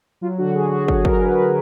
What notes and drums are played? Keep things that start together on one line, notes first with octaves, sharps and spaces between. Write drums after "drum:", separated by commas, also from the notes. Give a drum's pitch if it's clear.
F#3 F4
D3 F#4
D3 G#4
F#3 F#4
F#3 G#4, drum: kick
D3 A#4, drum: kick
D3 B4
F#3